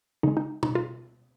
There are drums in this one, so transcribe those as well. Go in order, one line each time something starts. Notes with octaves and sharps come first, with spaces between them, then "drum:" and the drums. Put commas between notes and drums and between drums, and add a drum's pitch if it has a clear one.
C#3 G#3 D#4
D#4
D#4, drum: tom B2
F4